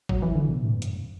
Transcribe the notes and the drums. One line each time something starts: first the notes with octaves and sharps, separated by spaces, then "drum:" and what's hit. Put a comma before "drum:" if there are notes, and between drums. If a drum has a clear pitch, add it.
F#3, drum: kick G1
E3
D3
B2
A2
F#2
G2, drum: hi-hat
F#2